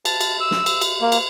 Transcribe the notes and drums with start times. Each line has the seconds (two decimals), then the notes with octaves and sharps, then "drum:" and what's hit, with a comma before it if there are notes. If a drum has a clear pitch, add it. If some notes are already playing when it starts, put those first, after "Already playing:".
0.05 A5, drum: cymbal
0.21 drum: cymbal
0.40 E6
0.51 drum: snare
0.66 drum: cymbal
0.81 drum: cymbal
1.01 A#3
1.12 drum: cymbal